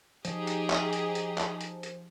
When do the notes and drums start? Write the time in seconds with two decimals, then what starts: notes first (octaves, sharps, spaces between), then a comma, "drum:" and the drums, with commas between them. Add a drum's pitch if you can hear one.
0.25 F3 D#4 G4 G#4, drum: hi-hat
0.47 drum: hi-hat
0.70 drum: clap
0.93 drum: hi-hat
1.15 drum: hi-hat
1.38 drum: clap
1.61 drum: hi-hat
1.83 drum: hi-hat